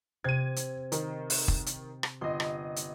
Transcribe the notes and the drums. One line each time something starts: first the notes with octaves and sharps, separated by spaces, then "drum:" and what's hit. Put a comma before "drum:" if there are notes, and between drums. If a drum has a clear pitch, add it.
C3 G#6 D#7
drum: hi-hat
D#3, drum: hi-hat
drum: open hi-hat
drum: kick
drum: hi-hat
drum: rim click
G1 D#5 C6
drum: rim click
drum: hi-hat